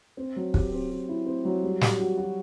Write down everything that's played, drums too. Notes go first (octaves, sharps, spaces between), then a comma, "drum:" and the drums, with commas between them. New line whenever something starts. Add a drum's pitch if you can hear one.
C4
F#3
G4, drum: kick
C4
G4
E4
C4
F#3
G3
G3, drum: snare
F#4
F#4